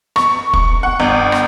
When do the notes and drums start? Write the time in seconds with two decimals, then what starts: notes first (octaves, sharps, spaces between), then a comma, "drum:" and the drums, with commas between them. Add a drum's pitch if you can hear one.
0.16 C#6, drum: rim click
0.53 C#6, drum: kick
0.83 F#5
1.00 G1
1.32 drum: rim click